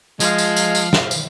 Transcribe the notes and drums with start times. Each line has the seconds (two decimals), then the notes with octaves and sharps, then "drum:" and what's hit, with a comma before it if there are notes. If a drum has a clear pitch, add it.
0.20 F3 G#3 F5, drum: tambourine
0.38 drum: tambourine
0.57 drum: tambourine
0.75 drum: tambourine
0.93 drum: snare
1.11 drum: tambourine